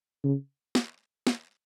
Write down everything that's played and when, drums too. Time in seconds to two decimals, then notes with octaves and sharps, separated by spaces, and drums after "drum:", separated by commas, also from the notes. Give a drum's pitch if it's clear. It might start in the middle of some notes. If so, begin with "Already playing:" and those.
0.24 C#3
0.75 drum: snare
1.27 drum: snare